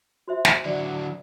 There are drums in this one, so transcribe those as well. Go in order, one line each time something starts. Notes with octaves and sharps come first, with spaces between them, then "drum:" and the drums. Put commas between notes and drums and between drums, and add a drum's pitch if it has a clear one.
F#4 C5 E5
drum: snare
D3 F#3 D5